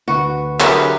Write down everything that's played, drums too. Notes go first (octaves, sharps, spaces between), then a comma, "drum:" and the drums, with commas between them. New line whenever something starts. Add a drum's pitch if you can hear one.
D2 F#4 B4 C#6
D3 F#3 G4 G#4 A#4 B4 D#5 E5, drum: clap